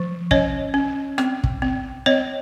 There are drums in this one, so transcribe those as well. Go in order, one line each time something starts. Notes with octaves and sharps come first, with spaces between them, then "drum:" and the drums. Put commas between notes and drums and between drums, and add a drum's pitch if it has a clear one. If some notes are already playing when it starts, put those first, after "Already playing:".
Already playing: F3
C#4 C#5 D#5, drum: kick
C#4
C4, drum: rim click
drum: kick
C4
C4 C#5 D#5